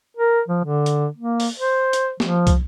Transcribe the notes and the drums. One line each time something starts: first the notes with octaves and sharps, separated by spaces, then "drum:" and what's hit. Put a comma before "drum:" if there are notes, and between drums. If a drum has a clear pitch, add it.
A#4
F3
D3
drum: hi-hat
A#3
drum: open hi-hat
C5
drum: hi-hat
F3, drum: snare
drum: kick, hi-hat